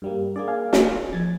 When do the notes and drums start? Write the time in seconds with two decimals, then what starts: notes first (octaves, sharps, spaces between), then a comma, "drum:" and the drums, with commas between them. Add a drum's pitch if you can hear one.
0.02 G2 G3 A#3
0.36 A#3 D4 G#4 D5
0.48 F5 G#5
0.73 drum: snare
1.13 F3 G#6 A6